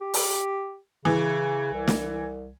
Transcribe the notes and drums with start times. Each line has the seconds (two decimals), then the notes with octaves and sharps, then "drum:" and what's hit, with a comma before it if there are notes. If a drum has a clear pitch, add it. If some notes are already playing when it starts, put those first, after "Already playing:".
0.01 G4
0.14 drum: open hi-hat
1.05 C#3 E3
1.73 C2
1.88 drum: snare